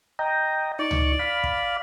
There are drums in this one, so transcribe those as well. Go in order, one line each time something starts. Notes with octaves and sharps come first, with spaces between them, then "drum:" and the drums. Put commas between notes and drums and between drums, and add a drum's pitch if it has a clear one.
D#5 G5 A#5
D#4 D5 C#6
drum: tom C#2
F5 B5
drum: kick